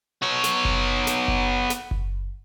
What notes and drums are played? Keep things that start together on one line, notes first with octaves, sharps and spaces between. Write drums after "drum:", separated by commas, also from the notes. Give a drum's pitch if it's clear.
B3 C#5
drum: snare
drum: kick F#1
drum: snare
drum: kick F#1
drum: snare
drum: kick F#1